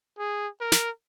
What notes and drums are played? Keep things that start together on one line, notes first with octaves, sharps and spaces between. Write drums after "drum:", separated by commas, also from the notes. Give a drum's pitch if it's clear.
G#4
A#4
drum: snare